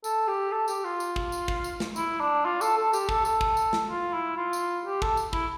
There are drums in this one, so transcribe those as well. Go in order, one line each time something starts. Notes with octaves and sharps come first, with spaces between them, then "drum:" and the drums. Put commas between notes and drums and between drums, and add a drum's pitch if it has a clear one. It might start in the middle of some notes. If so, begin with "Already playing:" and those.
A4, drum: tambourine
G4
A4
G4, drum: tambourine
F4
drum: tambourine
drum: kick
drum: tambourine
drum: kick
drum: tambourine
drum: snare
E4, drum: tambourine
D4
F4
A4, drum: tambourine
A4
G4, drum: tambourine
A4, drum: kick
A4, drum: tambourine
drum: kick
drum: tambourine
drum: snare
F4
E4
F4
drum: tambourine
G4
A4, drum: kick
drum: tambourine
E4, drum: kick